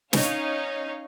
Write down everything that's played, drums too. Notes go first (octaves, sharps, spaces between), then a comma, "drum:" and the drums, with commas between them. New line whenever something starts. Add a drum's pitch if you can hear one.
C#4 D#4 C#5 F5, drum: snare